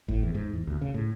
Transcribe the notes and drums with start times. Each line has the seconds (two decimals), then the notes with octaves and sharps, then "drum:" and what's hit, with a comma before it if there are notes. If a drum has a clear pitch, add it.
0.08 A2, drum: kick
0.23 E2
0.35 G#2
0.53 E2
0.67 D2
0.82 C#3
0.94 A2